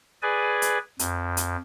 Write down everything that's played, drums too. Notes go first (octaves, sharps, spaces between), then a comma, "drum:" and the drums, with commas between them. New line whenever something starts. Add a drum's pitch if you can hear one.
G#4 B4 D5 G#5
drum: hi-hat
F2, drum: hi-hat
drum: hi-hat